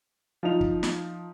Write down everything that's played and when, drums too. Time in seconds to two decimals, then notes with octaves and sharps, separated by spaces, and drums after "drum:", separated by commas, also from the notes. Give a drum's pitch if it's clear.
0.43 F3 D#4 F7
0.61 drum: kick
0.83 drum: snare